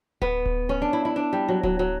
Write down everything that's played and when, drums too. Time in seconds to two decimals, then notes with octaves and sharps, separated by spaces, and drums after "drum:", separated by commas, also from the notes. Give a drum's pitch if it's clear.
0.22 B3, drum: kick D1
0.46 drum: kick D1
0.69 C#4
0.82 D4
0.93 E4
1.05 E4
1.16 D4
1.33 G3
1.48 F#3
1.63 F#3, drum: kick D1
1.79 F#3